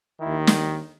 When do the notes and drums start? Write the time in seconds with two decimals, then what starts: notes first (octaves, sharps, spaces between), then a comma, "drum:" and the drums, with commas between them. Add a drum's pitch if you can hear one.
0.20 D#2 D#3 E4
0.47 drum: snare